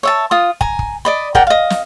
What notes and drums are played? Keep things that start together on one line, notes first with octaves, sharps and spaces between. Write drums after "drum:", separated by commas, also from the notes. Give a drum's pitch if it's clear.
C#5 E5 A5
F4 D#6
G#5 A#5, drum: kick
drum: kick
D5 D#5 B5
A#4 D5 F#5 G5, drum: kick
D#5 F5
drum: snare